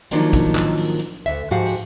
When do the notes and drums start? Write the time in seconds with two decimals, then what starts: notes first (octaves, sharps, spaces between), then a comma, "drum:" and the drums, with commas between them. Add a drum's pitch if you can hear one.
0.11 D#3 F3 F#3 A#3 D4 D#4, drum: hi-hat
0.33 drum: kick, hi-hat
0.55 drum: clap
0.77 drum: open hi-hat
0.99 drum: hi-hat
1.26 D2 E5
1.51 G#2 F3 F#4 G4 F5 F#5
1.66 drum: open hi-hat